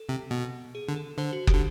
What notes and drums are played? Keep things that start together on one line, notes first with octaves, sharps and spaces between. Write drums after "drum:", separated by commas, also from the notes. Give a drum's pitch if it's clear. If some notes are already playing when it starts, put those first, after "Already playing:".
Already playing: A4
C3
B2
G#4
D3
A4
D3 C5
F#4
G4, drum: kick
D3